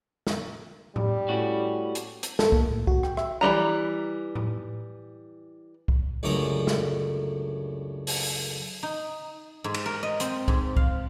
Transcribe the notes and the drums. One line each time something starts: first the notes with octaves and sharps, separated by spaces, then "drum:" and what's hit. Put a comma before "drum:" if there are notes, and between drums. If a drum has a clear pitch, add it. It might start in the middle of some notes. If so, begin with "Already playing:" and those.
drum: snare
G3, drum: tom A2
A2 C#4 F#4
drum: hi-hat
drum: hi-hat
A4, drum: snare
A#3, drum: kick
A2
F#4, drum: kick
G5, drum: rim click
E5, drum: rim click
E3 F#3 G3 A#5
drum: tom A2
drum: kick
C#2 F#2 D3 A3 A#5 D#6
drum: snare
drum: open hi-hat
D#4
G#2
drum: cymbal
A#4
D#5
C4, drum: hi-hat
G#2, drum: kick
F5, drum: kick